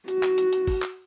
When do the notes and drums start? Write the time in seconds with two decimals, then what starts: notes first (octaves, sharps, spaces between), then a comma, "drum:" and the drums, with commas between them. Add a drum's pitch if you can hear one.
0.08 F#4, drum: hi-hat
0.23 drum: clap
0.38 drum: hi-hat
0.53 drum: hi-hat
0.67 drum: kick, open hi-hat
0.82 drum: clap